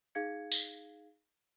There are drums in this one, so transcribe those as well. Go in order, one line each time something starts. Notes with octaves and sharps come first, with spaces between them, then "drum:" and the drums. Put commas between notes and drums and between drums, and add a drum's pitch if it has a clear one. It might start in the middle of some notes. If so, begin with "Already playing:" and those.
D#4 G#4 F5 G#6 C#7
drum: tambourine